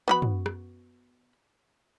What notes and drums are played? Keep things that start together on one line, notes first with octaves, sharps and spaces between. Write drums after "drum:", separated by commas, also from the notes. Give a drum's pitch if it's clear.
B3 F#4 B5, drum: tom
drum: tom
drum: rim click